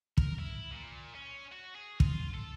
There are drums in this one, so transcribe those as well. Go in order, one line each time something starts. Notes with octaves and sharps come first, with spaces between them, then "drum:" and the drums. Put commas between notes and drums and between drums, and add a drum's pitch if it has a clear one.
A#4, drum: kick
E4
A#2
C#4
F#4
G#4
F4, drum: kick
A4